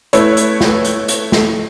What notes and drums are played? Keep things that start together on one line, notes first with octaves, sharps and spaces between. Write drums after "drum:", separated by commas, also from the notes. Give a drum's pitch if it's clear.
A3 E4 B4 C#5, drum: hi-hat
drum: hi-hat
drum: snare
drum: hi-hat
drum: hi-hat
drum: snare